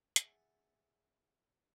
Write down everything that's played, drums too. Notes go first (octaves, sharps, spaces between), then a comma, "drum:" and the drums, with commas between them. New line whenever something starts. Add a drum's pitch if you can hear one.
G#4 E5 F#5 G#5 A5, drum: hi-hat